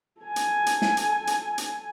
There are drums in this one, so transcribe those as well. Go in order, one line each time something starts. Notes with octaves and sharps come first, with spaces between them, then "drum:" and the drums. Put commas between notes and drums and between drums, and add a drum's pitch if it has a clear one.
A4 G#5
drum: hi-hat
drum: hi-hat
drum: snare
drum: hi-hat
drum: hi-hat
drum: hi-hat